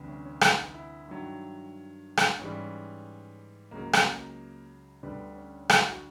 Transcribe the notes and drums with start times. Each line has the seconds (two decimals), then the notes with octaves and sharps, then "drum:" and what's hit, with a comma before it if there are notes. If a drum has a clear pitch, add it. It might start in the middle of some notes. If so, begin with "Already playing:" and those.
Already playing: D2 C3 E3 G3
0.08 C#4
0.25 C#4
0.41 D#4, drum: rim click
0.74 E4
1.07 G2 D#3 F#3
2.17 drum: rim click
2.39 G#2 E3 G3 C#4
3.71 C#2 C#3 F#3 A#3
3.93 drum: rim click
5.03 D2 D3 G3 B3
5.36 C#4
5.69 E4, drum: rim click
5.86 F#4